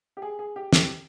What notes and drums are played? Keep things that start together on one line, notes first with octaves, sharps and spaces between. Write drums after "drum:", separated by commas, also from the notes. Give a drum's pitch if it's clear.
G4
G#4
G#4
G4
G4, drum: snare